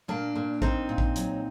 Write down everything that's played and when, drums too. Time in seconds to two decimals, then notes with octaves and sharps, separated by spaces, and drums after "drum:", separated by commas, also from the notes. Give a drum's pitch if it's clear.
0.08 A#2 A#3 D4
0.35 A#2
0.62 A#2 C4 D#4, drum: kick A1
0.89 A#2
0.98 drum: kick A1
1.16 F#3, drum: hi-hat